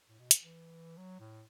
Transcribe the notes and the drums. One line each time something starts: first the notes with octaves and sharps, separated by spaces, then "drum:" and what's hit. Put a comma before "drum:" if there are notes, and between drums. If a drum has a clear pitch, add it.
A2
B2
drum: hi-hat
E3
F#3
A2